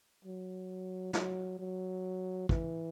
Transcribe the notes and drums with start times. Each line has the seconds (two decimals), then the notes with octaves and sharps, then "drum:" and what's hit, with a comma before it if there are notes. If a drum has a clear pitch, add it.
0.24 F#3
1.13 F#3, drum: snare
1.59 F#3
2.49 E3, drum: kick